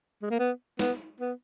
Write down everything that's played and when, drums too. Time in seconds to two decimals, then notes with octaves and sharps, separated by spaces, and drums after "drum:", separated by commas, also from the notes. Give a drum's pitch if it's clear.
0.22 G#3
0.30 A#3
0.39 B3
0.79 B3, drum: snare
1.20 B3